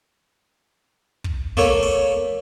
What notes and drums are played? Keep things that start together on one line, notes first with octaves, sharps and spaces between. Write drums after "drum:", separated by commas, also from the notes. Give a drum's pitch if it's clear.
drum: kick
A3 A#3 C#5, drum: kick
drum: open hi-hat